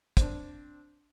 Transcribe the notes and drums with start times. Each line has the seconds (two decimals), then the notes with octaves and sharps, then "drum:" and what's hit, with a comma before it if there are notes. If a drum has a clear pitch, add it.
0.17 C4 D4, drum: kick, hi-hat